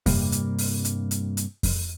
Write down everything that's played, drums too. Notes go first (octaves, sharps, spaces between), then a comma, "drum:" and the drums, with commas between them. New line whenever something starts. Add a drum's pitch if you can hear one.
G2 C3 G3 A#3, drum: kick F2, open hi-hat
drum: hi-hat
drum: open hi-hat
drum: hi-hat
drum: hi-hat
drum: hi-hat
drum: kick F2, open hi-hat